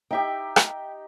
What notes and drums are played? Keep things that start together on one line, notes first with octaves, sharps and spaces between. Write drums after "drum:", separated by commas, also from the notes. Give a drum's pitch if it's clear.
D#4 G4 E5 G5
drum: rim click